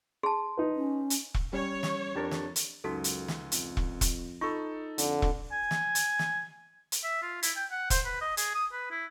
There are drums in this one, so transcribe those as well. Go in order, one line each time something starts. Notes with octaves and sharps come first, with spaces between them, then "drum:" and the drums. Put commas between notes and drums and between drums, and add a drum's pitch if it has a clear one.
G#4 A5 C6
D#4 B4
C#4
drum: hi-hat
drum: kick E1
G3 C#4 C#5
drum: snare
F2 D4 G4 A#4 A6
drum: snare
drum: hi-hat
C#2 F#2 D#4 F#4 A4
drum: hi-hat
drum: snare
F2, drum: hi-hat
drum: kick E1
drum: kick E1, hi-hat
D#4 F4 A4 C#6
F2 D3, drum: hi-hat
drum: kick E1
G#5
drum: snare
drum: hi-hat
drum: snare
drum: hi-hat
E5
F4
E4, drum: hi-hat
G5
F#5
C5, drum: kick E1, hi-hat
B4
D#5
G#4, drum: hi-hat
D#6
B4
E4